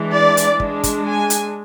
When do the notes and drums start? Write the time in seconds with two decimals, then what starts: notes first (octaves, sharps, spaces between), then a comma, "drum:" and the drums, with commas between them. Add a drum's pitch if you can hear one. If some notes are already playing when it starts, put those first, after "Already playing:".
Already playing: E3 G#3 D4
0.14 D5
0.37 drum: hi-hat
0.60 G#3 D4, drum: kick
0.84 drum: kick, hi-hat
1.06 G#5
1.30 drum: hi-hat